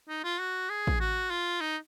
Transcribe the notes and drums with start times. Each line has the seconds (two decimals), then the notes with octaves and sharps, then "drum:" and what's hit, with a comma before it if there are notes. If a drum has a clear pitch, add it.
0.09 D#4
0.24 F4
0.39 F#4
0.69 G#4
0.87 drum: kick
1.00 F#4
1.30 F4
1.61 D#4